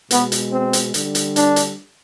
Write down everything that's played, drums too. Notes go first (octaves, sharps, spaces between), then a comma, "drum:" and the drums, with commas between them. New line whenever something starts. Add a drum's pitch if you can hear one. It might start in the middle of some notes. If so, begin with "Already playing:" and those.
B2 G#3 B3, drum: hi-hat
drum: hi-hat
C4
drum: hi-hat
D3 G3, drum: hi-hat
drum: hi-hat
D4, drum: hi-hat
drum: hi-hat